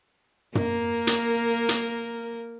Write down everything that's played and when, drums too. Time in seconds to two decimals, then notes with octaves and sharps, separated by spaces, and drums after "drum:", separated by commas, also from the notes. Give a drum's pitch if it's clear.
0.55 A#3 A#4, drum: tom
1.07 drum: hi-hat
1.69 drum: hi-hat